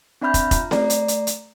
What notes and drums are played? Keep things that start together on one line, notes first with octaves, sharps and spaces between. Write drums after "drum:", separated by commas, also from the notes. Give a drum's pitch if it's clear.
C4 D4 E5 B5 F6 G6
drum: kick, hi-hat
F4 A#5, drum: kick, hi-hat
A3 D5 A#5 C7, drum: snare C4
drum: hi-hat
drum: hi-hat
drum: hi-hat